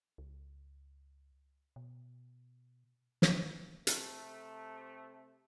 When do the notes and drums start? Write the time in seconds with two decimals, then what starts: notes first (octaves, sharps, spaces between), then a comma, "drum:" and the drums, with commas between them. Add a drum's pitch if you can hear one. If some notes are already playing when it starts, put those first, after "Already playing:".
0.18 C#2
1.76 B2
3.22 drum: snare
3.87 C3 A3, drum: hi-hat